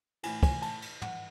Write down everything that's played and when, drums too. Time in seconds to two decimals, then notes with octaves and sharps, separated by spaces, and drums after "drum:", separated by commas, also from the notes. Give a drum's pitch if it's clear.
0.23 A2 E3 G#5, drum: cymbal
0.43 G#5, drum: kick, cymbal
0.62 A5, drum: cymbal
0.82 drum: cymbal
1.02 F#5, drum: tom